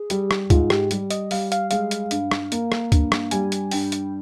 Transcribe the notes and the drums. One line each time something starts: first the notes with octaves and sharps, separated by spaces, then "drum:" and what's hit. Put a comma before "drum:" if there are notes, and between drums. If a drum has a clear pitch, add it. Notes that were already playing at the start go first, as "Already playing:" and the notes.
Already playing: G#4
G3 G4, drum: hi-hat
drum: rim click
G#2 F4, drum: kick, hi-hat
G4, drum: rim click
G3, drum: hi-hat
D#5, drum: hi-hat
G3 F5, drum: open hi-hat
F5, drum: hi-hat
G#3 F5, drum: hi-hat
drum: hi-hat
G2, drum: hi-hat
drum: rim click
A#3, drum: hi-hat
drum: rim click
G2, drum: kick, hi-hat
drum: rim click
G3 G#5, drum: hi-hat
drum: hi-hat
G2 G5, drum: open hi-hat
drum: hi-hat